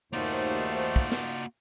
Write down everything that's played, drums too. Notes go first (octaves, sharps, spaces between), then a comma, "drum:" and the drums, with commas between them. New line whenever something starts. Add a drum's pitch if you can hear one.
D#2 A3 A#3 D#4 F4 F#4 C5 D5
drum: kick
drum: snare